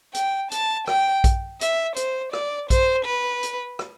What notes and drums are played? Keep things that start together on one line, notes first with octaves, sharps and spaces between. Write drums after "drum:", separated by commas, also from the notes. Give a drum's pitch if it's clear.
G5, drum: hi-hat
A5, drum: hi-hat
G5, drum: rim click
drum: kick A#1, hi-hat
E5, drum: hi-hat
C5, drum: hi-hat
D5, drum: rim click
C5, drum: kick A#1, hi-hat
B4
drum: hi-hat
drum: rim click